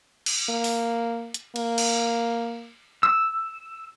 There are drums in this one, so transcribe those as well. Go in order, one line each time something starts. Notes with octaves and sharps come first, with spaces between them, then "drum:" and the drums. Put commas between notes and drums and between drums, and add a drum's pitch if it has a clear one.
drum: cymbal
A#3
drum: open hi-hat
drum: hi-hat
A#3, drum: cymbal
drum: cymbal
E6